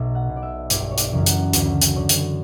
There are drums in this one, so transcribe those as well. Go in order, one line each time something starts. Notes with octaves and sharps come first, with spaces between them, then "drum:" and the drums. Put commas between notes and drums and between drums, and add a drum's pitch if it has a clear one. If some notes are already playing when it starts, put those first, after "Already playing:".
Already playing: B1 E5
F#5
B2
D5
E5
G1 D5, drum: hi-hat
C#5
D5, drum: hi-hat
F#2 C#3 E3
F#5, drum: hi-hat
D2, drum: hi-hat
drum: hi-hat
D3 C#5
drum: hi-hat